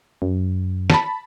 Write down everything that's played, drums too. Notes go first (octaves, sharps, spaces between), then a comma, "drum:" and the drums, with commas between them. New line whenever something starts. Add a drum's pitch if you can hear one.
F#2
A5 B5, drum: snare